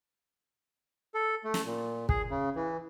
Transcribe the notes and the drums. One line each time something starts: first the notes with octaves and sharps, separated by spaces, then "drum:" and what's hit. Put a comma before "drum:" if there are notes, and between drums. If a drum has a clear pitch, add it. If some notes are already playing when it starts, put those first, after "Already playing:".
A4
A3
drum: snare
A#2
G#4, drum: kick
C#3
E3